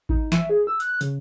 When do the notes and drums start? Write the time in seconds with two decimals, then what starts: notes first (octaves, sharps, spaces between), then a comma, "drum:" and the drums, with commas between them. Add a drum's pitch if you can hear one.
0.09 D#4, drum: kick G#1
0.32 E5, drum: snare
0.50 G#4
0.67 E6
0.80 F#6, drum: hi-hat
1.01 C#3, drum: hi-hat